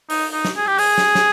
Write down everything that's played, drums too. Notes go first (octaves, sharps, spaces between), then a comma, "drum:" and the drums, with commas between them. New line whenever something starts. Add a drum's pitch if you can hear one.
D#4, drum: open hi-hat
D#4
drum: snare
G#4
G4
G#4, drum: open hi-hat
drum: snare
drum: snare